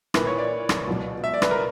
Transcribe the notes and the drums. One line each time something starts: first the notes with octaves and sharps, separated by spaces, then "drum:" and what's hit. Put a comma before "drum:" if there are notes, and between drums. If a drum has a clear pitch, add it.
A#2 A#3 E4 B4, drum: rim click
C#5
D5
drum: rim click
C#2 B2 F#3
E5
D5
B4, drum: rim click
A#4